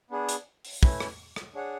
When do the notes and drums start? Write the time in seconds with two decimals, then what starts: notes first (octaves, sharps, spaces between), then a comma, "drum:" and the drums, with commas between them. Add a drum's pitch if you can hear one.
0.11 B3 D4 G#4
0.29 drum: hi-hat
0.65 drum: open hi-hat
0.83 A3 C#4 E4 B4, drum: kick
1.00 drum: rim click
1.36 drum: rim click
1.54 D4 G#4 C#5 F#5